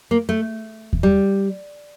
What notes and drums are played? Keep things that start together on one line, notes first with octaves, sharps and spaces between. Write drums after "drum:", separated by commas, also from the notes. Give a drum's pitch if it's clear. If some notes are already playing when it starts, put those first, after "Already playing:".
A#3
A3
drum: kick D#2
G3